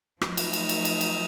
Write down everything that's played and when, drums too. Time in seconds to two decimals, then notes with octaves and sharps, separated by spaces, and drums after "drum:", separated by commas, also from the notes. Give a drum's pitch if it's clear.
0.21 F3 F#3 A3 D#4, drum: rim click
0.37 drum: cymbal
0.53 drum: cymbal
0.69 drum: cymbal
0.85 drum: cymbal
1.01 drum: cymbal